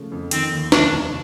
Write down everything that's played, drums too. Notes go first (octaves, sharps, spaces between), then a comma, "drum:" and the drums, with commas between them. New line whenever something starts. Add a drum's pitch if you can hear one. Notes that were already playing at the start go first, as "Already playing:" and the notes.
Already playing: C#3 F3 A3
F2
D#3 C4, drum: hi-hat
D#2
F1 D4, drum: snare
F1